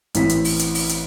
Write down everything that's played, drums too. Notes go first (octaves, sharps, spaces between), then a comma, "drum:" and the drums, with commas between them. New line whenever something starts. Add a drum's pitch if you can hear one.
A1 E3 C4 E4 B6, drum: hi-hat
drum: hi-hat
drum: open hi-hat
drum: hi-hat
drum: open hi-hat
drum: hi-hat